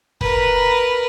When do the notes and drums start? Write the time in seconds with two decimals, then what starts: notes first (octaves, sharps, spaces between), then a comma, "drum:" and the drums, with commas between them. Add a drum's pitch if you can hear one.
0.21 A#4 B4, drum: kick